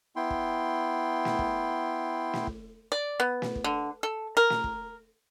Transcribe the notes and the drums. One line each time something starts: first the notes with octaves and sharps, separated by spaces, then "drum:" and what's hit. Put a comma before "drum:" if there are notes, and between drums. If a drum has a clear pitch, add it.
B3 E4 G5 C6
drum: kick
drum: snare
drum: kick
drum: snare
drum: kick
D5
B3
drum: snare
drum: kick
D3
A4
A#4
drum: snare
drum: kick